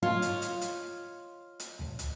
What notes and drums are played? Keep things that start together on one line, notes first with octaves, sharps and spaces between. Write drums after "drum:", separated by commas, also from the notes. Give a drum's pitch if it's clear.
F4 C#5 D#5
drum: hi-hat
drum: hi-hat
drum: hi-hat
drum: hi-hat
drum: tom C#2
drum: hi-hat